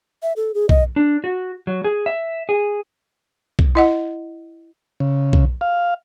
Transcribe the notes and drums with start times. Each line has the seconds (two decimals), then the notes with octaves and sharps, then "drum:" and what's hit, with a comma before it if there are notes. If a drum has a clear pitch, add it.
0.23 E5
0.36 A4
0.54 G#4
0.69 D#5, drum: kick
0.96 D4
1.24 F#4
1.67 F#3
1.84 G#4
2.06 E5
2.49 G#4
3.59 drum: kick
3.75 E4 D#5 F#5
5.00 C#3
5.33 drum: kick
5.61 F5